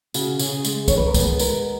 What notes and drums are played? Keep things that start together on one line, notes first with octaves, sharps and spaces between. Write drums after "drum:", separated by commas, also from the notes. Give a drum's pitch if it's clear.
C#3 F#4, drum: tambourine
C#3 G#4, drum: tambourine
G#3, drum: tambourine
D#3 C#5, drum: kick, tambourine
B4
A#4
B3 G#4, drum: kick, tambourine
G#3 A#4, drum: tambourine